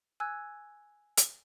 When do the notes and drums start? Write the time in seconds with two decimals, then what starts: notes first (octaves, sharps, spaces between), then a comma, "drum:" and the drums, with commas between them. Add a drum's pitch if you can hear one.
0.20 G#5 E6 F#6 G#6
1.17 drum: hi-hat